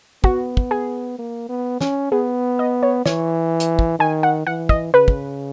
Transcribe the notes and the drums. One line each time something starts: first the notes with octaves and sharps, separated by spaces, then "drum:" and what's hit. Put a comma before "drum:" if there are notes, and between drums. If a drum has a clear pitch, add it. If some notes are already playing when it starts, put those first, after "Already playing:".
B3 F#4, drum: kick
drum: kick
G#4
A#3
B3
C#4, drum: snare
B3 G#4
D#5
C#5
E3 C#5, drum: snare
drum: hi-hat
drum: kick
D#3 G#5
F#5
E3 F#5
D#5, drum: kick
C#3 B4
drum: kick